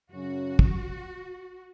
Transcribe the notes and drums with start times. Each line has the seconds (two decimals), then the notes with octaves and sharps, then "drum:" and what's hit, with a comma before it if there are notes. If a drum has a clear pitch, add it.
0.11 F#2 C#3 F#3 C#4 F#4
0.59 drum: kick